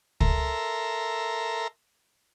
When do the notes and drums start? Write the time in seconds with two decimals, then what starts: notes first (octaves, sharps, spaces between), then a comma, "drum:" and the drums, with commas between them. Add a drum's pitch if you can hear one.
0.21 A4 A#4 E5 A#5 C6, drum: kick